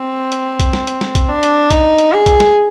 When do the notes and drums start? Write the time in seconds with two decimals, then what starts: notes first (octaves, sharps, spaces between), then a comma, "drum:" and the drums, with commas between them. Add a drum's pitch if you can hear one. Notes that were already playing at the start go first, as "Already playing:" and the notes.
Already playing: C4
0.32 drum: hi-hat
0.60 drum: kick B1, hi-hat
0.73 drum: snare
0.87 drum: hi-hat
1.01 drum: snare
1.15 drum: kick B1, hi-hat
1.29 D4
1.43 drum: hi-hat
1.70 D#4, drum: kick B1, hi-hat
1.98 drum: hi-hat
2.12 G#4
2.26 drum: kick B1, hi-hat
2.40 drum: snare